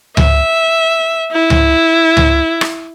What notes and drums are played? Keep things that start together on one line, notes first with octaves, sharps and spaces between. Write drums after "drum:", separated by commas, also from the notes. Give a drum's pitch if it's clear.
E5, drum: tom C#2
E4
drum: tom C#2
drum: tom C#2
drum: rim click